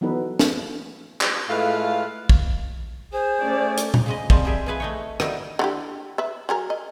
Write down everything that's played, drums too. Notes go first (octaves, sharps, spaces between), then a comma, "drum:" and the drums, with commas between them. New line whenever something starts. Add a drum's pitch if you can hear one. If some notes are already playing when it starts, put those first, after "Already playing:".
E3 F#3 B3 D#4 A4 B4
drum: snare
drum: clap
A2 G#3 A3 F4 B4 F5
drum: kick
G#4 C5
A3 C#4 D5
drum: hi-hat
drum: tom A#2
C#3 G#3 D#5
D#3 F3 G3 G#3 C4, drum: kick
G3 G4 G#4 E5
E3 F3 G#4 B4 G#5
A3 D#4 C#5
D#3 F#3 G3 B3 D#4 E4, drum: rim click
D3 E4 G4
B4 E5
F#3 G#4 A#4
D#5